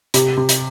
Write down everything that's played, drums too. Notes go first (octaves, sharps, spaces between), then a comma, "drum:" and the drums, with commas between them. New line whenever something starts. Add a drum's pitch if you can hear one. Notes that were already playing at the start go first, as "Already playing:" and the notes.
C3, drum: hi-hat
C3
drum: hi-hat